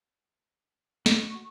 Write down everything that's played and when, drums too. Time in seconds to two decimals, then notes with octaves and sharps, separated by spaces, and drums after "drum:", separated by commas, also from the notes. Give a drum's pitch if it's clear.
1.06 F#4 C#6, drum: snare